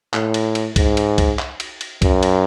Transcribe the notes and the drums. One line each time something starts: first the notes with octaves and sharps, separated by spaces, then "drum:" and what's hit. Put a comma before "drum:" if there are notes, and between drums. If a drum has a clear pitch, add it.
A2, drum: clap
drum: cymbal
drum: cymbal
G#2, drum: kick C2, cymbal
drum: cymbal
drum: kick C2, cymbal
drum: clap
drum: cymbal
drum: cymbal
F#2, drum: kick C2, cymbal
drum: cymbal